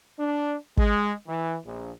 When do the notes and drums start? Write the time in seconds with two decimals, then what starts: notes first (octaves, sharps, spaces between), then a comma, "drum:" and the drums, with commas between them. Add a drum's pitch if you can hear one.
0.18 D4
0.77 G#3, drum: kick
1.27 E3
1.64 A#1